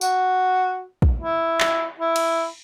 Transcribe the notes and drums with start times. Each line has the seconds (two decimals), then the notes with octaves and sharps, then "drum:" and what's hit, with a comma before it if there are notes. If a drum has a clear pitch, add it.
0.01 F#4, drum: tambourine
1.02 drum: kick
1.19 E4
1.60 drum: clap
1.99 E4
2.16 drum: cymbal